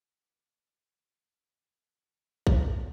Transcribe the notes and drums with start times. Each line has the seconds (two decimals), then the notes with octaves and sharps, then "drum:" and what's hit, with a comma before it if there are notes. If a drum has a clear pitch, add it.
0.21 G4
2.47 C6, drum: kick